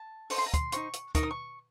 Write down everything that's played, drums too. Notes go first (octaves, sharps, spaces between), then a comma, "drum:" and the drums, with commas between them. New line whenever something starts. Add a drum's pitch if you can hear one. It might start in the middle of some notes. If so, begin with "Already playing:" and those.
Already playing: A5
A4 C5 D#5 C#6, drum: open hi-hat
C6
A#5
C6, drum: kick, hi-hat
D#4 F#4 C5 C#6, drum: hi-hat
drum: hi-hat
D#4 A#4 D#5 C#6, drum: kick, hi-hat
D#6
C#6